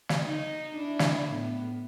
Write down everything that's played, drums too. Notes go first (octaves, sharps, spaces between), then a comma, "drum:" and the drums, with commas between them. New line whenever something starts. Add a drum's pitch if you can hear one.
drum: snare
D#4
D4 E4
drum: snare
A2 B3